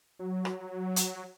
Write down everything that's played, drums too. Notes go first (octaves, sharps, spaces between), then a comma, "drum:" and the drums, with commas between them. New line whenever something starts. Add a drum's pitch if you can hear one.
F#3
drum: rim click
drum: hi-hat